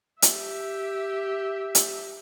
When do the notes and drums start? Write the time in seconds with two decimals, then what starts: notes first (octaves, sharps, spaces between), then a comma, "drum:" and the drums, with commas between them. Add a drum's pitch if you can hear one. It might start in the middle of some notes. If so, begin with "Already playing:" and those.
0.22 G4 E5, drum: hi-hat
1.75 drum: hi-hat